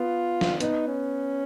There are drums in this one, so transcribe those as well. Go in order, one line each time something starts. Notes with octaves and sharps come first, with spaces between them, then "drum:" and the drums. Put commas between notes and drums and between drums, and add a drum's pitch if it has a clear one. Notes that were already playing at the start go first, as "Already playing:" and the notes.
Already playing: B3 F4
drum: snare
B3 D#4, drum: hi-hat
C#4